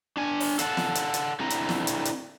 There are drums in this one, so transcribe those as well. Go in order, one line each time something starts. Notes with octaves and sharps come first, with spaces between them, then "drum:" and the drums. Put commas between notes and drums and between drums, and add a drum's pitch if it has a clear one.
D4 G#5
drum: open hi-hat
A4 F5 F#5 G#5 A5, drum: hi-hat
drum: snare
drum: hi-hat
drum: hi-hat
D3 C4 E4 A#5
drum: hi-hat
drum: snare
drum: hi-hat
drum: hi-hat